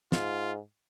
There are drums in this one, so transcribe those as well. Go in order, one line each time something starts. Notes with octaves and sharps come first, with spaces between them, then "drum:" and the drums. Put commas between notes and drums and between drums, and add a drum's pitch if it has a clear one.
G#2 F4, drum: snare